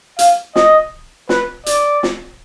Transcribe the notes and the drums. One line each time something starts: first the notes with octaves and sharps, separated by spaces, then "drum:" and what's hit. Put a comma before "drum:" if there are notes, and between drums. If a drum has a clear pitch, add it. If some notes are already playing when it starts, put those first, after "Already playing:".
F5, drum: hi-hat
D#5, drum: snare
B4, drum: snare
D5, drum: hi-hat
drum: snare